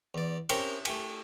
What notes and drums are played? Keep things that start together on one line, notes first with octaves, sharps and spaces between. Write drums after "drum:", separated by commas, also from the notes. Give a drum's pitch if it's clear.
E2 D5
C4 C#4 G4 A#4 C#5, drum: cymbal
A3 G4 G#5, drum: cymbal